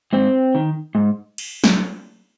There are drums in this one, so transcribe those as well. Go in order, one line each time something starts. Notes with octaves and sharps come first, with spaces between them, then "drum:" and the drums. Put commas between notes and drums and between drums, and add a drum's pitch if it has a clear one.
G#2 C4
D#3
G#2
drum: cymbal
drum: snare